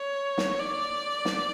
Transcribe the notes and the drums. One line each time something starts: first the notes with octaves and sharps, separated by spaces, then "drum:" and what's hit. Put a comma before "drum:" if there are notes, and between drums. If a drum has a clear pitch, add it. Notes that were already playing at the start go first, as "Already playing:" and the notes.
Already playing: C#5
drum: snare
D5
drum: snare